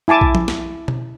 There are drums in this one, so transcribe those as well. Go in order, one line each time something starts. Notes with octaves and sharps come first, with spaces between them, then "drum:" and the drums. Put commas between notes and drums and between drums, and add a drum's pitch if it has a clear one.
E4 G#5 A5 D6
drum: kick
drum: tom F3
drum: snare
drum: tom B2